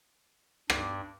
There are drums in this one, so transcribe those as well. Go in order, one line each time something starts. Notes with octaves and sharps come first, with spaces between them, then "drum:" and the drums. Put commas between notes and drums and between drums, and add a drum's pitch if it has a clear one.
G2 D4 D6, drum: rim click